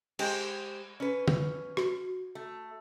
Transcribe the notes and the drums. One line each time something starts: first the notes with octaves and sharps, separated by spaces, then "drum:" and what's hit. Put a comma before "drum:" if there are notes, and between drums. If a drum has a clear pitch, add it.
G#3 G4 C5, drum: cymbal
C#4 B4
drum: tom
F#4, drum: rim click
A3